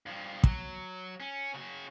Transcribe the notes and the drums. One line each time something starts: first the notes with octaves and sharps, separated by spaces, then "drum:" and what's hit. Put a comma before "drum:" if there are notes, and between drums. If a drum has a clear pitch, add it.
G2 F3
F#3, drum: kick
C#4
C#3 F#4